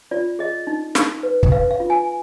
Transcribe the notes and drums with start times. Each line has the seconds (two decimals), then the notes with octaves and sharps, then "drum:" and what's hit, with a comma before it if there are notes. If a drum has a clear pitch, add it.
0.11 F4 D5
0.39 G#4 D#5
0.67 D#4
0.95 D#4, drum: snare
1.23 B4
1.43 drum: kick
1.52 B4 F5
1.71 F5
1.80 F4
1.90 G#5